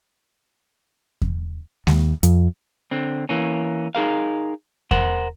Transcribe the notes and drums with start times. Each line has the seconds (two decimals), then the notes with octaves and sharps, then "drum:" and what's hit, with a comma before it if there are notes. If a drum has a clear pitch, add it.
1.22 drum: kick E2
1.87 D#2, drum: snare G#3
2.23 F2, drum: hi-hat
2.91 D3 C4
3.29 E3 A#3 C#4
3.95 D#4 G#4 A#4 F5
4.91 A#4 C5 F#5, drum: kick E2